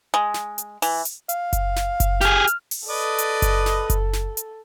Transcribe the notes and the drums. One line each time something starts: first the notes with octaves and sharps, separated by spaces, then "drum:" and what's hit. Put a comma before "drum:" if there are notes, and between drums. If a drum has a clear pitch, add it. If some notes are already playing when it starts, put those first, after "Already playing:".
G#3
drum: snare
drum: hi-hat
E3, drum: open hi-hat
drum: hi-hat
F5, drum: hi-hat
drum: kick F#1, hi-hat
drum: snare
drum: kick F#1, hi-hat
G4 G#4 F6, drum: snare
drum: hi-hat
drum: open hi-hat
A4 B4 D5 D#5
drum: hi-hat
drum: kick F#1, hi-hat
drum: snare
drum: kick F#1, hi-hat
drum: snare
drum: hi-hat